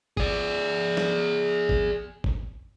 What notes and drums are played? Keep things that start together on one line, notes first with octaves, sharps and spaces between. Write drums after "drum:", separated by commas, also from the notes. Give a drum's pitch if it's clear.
G#4 D5, drum: kick
drum: snare
drum: kick
drum: kick